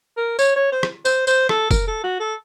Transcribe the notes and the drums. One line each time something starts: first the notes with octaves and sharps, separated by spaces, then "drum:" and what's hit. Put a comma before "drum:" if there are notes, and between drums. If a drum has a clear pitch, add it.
A#4
C#5, drum: tambourine
C#5
C5
drum: rim click
C5, drum: tambourine
C5, drum: tambourine
A4, drum: rim click
A#4, drum: kick, tambourine
A4
F#4
A4